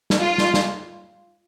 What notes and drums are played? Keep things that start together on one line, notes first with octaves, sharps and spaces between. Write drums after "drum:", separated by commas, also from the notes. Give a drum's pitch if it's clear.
drum: snare
F4
drum: snare
drum: snare